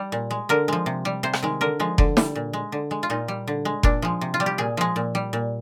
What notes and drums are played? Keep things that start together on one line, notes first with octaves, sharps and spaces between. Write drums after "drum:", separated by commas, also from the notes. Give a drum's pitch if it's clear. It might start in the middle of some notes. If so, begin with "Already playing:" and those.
Already playing: G3
A#2
G#3
D3 A#4
F3 G#3
C3
G3
C3 C5
drum: rim click
D#3 G#3
D3 A#4
F3 G#3
D3, drum: kick F1
G3, drum: snare
A#2
G#3
D3
G#3
F4
A#2 D#4
G3
D3
G#3
A#2 D4, drum: kick F1
F3 G#3
C3
F4
G3
G4
A#2 G#4
F3 G#3
A#2
G3
A#2